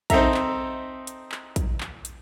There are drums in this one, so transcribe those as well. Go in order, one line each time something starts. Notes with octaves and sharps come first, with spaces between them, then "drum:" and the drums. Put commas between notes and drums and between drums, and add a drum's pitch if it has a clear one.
C4 D#4 A4 E5 A#5, drum: kick A#1, hi-hat
drum: clap
drum: hi-hat
drum: clap
drum: kick A#1, hi-hat
drum: clap
drum: hi-hat